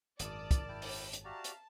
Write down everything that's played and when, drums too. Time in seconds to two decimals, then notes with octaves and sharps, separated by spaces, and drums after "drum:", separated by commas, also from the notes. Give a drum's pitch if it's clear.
0.19 G#1 F#2 A#4 D5 A5 D#6, drum: hi-hat
0.51 drum: kick, hi-hat
0.69 E4 G5
0.82 drum: open hi-hat
1.13 drum: hi-hat
1.25 F#4 G4 D5 E5 F5 A5 A#5
1.44 drum: hi-hat